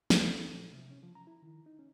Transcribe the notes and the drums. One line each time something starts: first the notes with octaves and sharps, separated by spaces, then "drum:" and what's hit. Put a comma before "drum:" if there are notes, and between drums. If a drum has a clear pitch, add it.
G4, drum: snare
C4
A4
A#2
C3
C#4
F3
A#5
E4
D#3
D#4
C#4